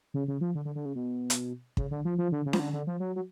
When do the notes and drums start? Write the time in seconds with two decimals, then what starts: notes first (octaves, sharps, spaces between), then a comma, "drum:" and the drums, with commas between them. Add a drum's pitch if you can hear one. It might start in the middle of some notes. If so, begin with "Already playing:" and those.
0.14 C#3
0.28 C#3
0.41 F3
0.55 D3
0.65 D3
0.75 D3
0.85 C#3
0.95 B2
1.30 drum: hi-hat
1.77 C#3, drum: kick
1.91 D3
2.05 F3
2.18 F3
2.32 D3
2.46 C#3
2.53 F3, drum: snare C#4
2.59 D3
2.73 D3
2.87 F3
3.00 F#3
3.16 F#3